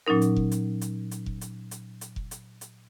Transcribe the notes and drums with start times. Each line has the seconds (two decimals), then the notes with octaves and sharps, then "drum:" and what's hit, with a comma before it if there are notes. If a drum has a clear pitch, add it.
0.07 A#2 F#3 C#4 D#4 A#4
0.21 drum: hi-hat
0.36 drum: kick F1
0.51 drum: hi-hat
0.81 drum: hi-hat
1.11 drum: hi-hat
1.26 drum: kick F1
1.41 drum: hi-hat
1.71 drum: hi-hat
2.01 drum: hi-hat
2.16 drum: kick F1
2.31 drum: hi-hat
2.61 drum: hi-hat